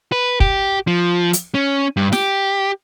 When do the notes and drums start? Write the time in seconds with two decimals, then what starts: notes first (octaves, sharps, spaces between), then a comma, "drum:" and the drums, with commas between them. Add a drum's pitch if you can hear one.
0.12 B4
0.40 G4, drum: kick
0.87 F3
1.33 drum: hi-hat
1.54 C#4
1.97 G2
2.13 G4, drum: snare